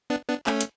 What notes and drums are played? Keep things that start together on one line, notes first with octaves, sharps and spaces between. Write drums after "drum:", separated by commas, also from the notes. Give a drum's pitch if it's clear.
B3 D4
B3 D4
A3 C#4, drum: clap
drum: hi-hat